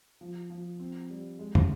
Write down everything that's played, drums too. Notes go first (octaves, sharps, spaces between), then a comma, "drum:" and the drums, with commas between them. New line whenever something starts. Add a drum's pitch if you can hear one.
F3
F3
C4
G3
G#3
drum: tom